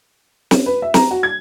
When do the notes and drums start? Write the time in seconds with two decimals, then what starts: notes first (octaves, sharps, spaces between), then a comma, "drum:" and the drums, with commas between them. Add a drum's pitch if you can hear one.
0.51 C#4, drum: snare
0.66 B4
0.82 E5
0.94 A#5, drum: snare
1.11 F#4
1.23 G#6